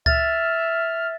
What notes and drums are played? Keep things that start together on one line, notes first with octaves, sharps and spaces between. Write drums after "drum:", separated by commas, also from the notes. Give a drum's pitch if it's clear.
E5 F6 A6, drum: kick C#2